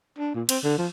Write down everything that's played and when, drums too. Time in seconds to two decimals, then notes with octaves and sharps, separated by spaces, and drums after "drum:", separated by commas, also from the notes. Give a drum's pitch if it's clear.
0.18 D4
0.35 A#2
0.49 C4, drum: cymbal
0.64 D3
0.78 F3